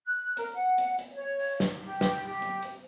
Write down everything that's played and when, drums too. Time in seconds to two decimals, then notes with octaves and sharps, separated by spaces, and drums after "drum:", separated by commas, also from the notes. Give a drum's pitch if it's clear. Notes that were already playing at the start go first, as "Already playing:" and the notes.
0.06 F#6
0.37 A#4, drum: hi-hat
0.55 F#5
0.78 drum: hi-hat
0.99 drum: hi-hat
1.15 C#5
1.40 drum: open hi-hat
1.60 drum: snare
1.84 G4
2.01 drum: snare
2.25 G4
2.42 drum: hi-hat
2.63 drum: hi-hat